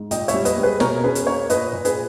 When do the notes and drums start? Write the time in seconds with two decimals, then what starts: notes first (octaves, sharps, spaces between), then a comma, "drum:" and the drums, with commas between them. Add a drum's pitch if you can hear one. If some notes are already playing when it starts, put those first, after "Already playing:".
Already playing: G#2
0.11 A#2 D#5 G5, drum: hi-hat
0.28 C#5 E5, drum: hi-hat
0.34 G3
0.45 B4 D#5, drum: hi-hat
0.58 G3
0.63 G#4 B4
0.80 B2 A#4 C#5, drum: snare
1.04 C#4 G#4 B4
1.15 drum: hi-hat
1.26 A#3 A#4 C#5
1.50 A#2 B4 D#5, drum: hi-hat
1.73 A#2
1.85 G#4 B4, drum: hi-hat